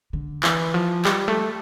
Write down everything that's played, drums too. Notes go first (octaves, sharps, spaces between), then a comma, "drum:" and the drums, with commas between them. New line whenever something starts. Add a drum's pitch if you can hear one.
D3
E3, drum: clap
F3
G3, drum: clap
A3